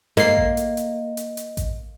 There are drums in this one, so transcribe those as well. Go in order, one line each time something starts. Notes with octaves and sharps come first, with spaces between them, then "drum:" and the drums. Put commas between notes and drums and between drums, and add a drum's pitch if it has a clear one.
G#2 A#3 D#5 C7, drum: hi-hat
drum: kick A1
drum: hi-hat
drum: hi-hat
drum: hi-hat
drum: hi-hat
drum: kick A1, hi-hat